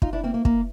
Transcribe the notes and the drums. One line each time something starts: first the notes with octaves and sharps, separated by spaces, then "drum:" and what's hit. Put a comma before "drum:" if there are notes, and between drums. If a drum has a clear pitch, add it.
D#4 F4, drum: kick
D4 E4
A#3 C4
A#3
A#3, drum: kick